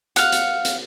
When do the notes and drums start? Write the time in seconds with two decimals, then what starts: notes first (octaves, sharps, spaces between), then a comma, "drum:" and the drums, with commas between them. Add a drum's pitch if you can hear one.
0.16 F5 F#5, drum: hi-hat
0.32 drum: hi-hat
0.65 drum: hi-hat